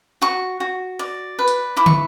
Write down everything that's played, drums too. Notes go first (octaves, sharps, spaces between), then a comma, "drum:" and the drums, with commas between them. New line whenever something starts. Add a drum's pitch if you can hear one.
F#4 C#6
F#4
D5
B4
drum: hi-hat
E4 D6
C#6, drum: tom